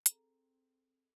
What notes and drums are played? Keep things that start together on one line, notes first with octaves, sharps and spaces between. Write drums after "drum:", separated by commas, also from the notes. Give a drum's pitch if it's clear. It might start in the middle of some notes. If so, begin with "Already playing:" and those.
C4 G#4 A4 A#5, drum: hi-hat